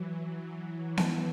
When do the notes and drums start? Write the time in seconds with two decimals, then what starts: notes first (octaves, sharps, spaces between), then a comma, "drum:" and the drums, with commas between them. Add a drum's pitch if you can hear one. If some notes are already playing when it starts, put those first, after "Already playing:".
Already playing: E3 F#3
0.35 E3 F#3
0.97 drum: snare B3